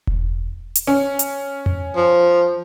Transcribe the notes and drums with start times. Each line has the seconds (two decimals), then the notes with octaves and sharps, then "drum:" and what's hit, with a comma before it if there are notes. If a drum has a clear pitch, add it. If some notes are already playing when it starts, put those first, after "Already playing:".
0.07 drum: kick E1
0.75 drum: hi-hat
0.87 C#4
1.19 drum: hi-hat
1.66 drum: tom F2
1.97 F3